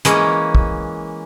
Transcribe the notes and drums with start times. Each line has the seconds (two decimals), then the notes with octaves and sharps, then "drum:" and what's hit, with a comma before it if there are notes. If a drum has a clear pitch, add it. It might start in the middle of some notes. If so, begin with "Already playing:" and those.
0.05 E3 G#3 A#3 C#4, drum: hi-hat
0.55 drum: kick